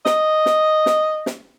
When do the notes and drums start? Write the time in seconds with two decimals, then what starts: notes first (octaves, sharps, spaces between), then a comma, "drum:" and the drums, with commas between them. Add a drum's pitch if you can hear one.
0.06 D#5, drum: snare
0.46 drum: snare
0.86 drum: snare
1.26 drum: snare